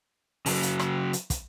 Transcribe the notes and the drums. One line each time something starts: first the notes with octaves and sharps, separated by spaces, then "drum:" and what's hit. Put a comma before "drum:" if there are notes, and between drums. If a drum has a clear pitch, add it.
C#3 F#3, drum: open hi-hat
drum: hi-hat
drum: rim click
drum: hi-hat
drum: kick, hi-hat